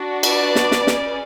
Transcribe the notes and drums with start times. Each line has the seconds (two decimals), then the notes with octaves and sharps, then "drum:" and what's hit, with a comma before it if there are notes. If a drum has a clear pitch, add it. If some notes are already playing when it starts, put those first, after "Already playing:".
Already playing: D4 F#4
0.23 B4 D5, drum: cymbal
0.56 drum: snare
0.72 drum: snare
0.87 C#4 G#4, drum: snare